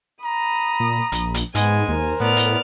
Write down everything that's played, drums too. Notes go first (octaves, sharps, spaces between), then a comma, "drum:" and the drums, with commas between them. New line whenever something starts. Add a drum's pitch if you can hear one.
A#5 B5 D#6
A#2
A#1, drum: hi-hat
drum: hi-hat
G#2 G#3 B3 G#5, drum: hi-hat
D#2 A#4 C5
A2 B3 D5 F6
drum: hi-hat